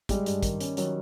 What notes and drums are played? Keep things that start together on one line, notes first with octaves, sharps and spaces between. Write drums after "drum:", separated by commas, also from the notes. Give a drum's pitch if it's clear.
G3 G#3, drum: kick, hi-hat
G2, drum: hi-hat
D#3, drum: kick, hi-hat
C#4, drum: hi-hat
D#3 F#3, drum: hi-hat